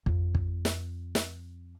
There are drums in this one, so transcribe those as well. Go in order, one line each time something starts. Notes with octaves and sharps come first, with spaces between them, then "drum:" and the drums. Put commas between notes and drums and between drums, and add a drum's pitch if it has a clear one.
F2, drum: kick
drum: kick
drum: snare
drum: snare